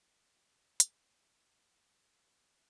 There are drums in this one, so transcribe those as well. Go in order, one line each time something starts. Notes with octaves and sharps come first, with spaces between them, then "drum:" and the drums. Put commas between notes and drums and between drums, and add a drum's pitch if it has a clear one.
B6 C#7
drum: hi-hat
E4 B4 E6 F#6